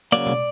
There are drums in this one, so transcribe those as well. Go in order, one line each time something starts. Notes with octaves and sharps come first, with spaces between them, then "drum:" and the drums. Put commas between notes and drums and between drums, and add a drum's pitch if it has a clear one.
C#3 F#3 A#3 D5
drum: tom B2